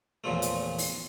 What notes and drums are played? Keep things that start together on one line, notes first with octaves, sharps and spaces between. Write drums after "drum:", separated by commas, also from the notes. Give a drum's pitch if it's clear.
E2 A#2 C#3 F3 A3
drum: hi-hat
drum: open hi-hat